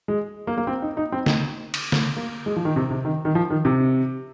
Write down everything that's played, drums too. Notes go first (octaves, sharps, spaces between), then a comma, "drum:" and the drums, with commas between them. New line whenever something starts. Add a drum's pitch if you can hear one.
G#3
A#3
A#3
C4
D#4
D#4
C4
D#4, drum: snare
drum: cymbal
drum: snare
A#3
G#3
F3
D#3
C3
C3
D#3
D#3
F3
D#3
C3